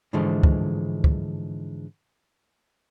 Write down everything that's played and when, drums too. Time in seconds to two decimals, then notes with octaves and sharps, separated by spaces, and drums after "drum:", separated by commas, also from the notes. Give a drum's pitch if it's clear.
0.13 G#2 D3 E3 F3 G#3 A3
0.43 drum: kick
1.04 drum: kick